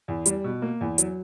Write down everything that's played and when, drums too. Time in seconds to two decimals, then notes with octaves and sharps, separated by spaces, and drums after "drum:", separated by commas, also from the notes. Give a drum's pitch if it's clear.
0.08 E2
0.26 G3, drum: hi-hat
0.44 B2
0.62 A#3
0.81 E2
0.98 F#3, drum: hi-hat